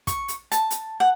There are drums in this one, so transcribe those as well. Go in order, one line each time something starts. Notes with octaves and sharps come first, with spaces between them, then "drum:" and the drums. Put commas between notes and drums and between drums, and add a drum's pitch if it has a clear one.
C#6, drum: kick, hi-hat
drum: hi-hat
A5, drum: hi-hat
drum: hi-hat
F#5